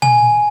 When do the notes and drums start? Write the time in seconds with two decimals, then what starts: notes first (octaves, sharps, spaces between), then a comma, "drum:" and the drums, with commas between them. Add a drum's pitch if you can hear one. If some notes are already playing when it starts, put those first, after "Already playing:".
0.02 G#5, drum: tom